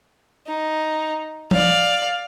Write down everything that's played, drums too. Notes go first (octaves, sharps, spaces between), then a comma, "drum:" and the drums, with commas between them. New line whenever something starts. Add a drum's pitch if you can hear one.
D#4
D5 F5, drum: tom F3